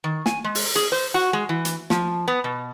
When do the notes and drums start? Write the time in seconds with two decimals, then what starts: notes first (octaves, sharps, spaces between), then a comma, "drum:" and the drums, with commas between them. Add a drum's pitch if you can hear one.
0.04 D#3
0.26 G#5, drum: snare
0.44 G#3
0.55 drum: open hi-hat
0.75 G#4, drum: hi-hat
0.92 C5
1.14 F#4
1.33 G#3
1.49 E3
1.65 drum: hi-hat
1.90 F3, drum: snare
2.28 B3
2.44 B2